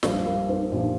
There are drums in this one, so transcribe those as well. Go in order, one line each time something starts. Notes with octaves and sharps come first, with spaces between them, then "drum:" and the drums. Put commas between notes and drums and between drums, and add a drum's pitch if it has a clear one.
A#1 A#2 F3 G3, drum: snare
G3 A#3
C4 D#4
A#1 A#2 F3 D#4 G4